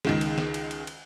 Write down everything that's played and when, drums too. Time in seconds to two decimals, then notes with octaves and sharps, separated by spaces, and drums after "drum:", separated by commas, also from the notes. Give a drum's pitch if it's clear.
0.05 C#2 D#3 G#3, drum: snare
0.21 drum: cymbal
0.38 drum: snare
0.54 drum: cymbal
0.71 drum: cymbal
0.87 drum: cymbal